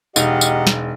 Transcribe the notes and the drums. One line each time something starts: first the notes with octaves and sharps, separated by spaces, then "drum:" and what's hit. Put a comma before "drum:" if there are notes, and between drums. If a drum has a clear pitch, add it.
E1 D#4 G4 D#5 F5 F#5 A#5, drum: tambourine
drum: tambourine
drum: snare